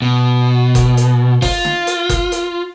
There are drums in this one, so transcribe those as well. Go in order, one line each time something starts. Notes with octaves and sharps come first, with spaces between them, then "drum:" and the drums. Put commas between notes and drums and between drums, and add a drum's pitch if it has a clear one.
B2
drum: kick F#1, hi-hat
drum: hi-hat
F4, drum: kick F#1, open hi-hat
drum: snare
drum: hi-hat
drum: kick F#1, hi-hat
drum: hi-hat